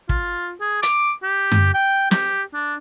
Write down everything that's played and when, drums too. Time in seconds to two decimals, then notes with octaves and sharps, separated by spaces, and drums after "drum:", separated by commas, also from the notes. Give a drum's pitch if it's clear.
0.09 F4, drum: kick
0.61 G#4
0.83 D6, drum: hi-hat
1.23 G4
1.52 drum: tom F#2
1.74 G5
2.11 G4, drum: snare
2.54 D4